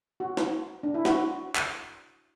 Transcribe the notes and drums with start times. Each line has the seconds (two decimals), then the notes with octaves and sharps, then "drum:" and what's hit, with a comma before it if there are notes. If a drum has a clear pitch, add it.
0.20 F#4
0.37 drum: snare
0.83 D4
0.94 E4
1.05 F#4, drum: snare
1.56 drum: clap